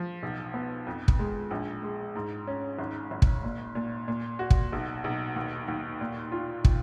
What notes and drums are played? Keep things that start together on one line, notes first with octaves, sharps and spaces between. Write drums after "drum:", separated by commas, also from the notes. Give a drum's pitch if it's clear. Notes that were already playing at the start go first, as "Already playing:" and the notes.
Already playing: F3
B1
B3
F2
drum: kick
G#3
A#1
G#3
G#2
C#4
G#1
G#1
drum: kick
A#2
A#2
A#2
F#4
drum: kick
B1
B1
D#2
D#2
A#2
F4
drum: kick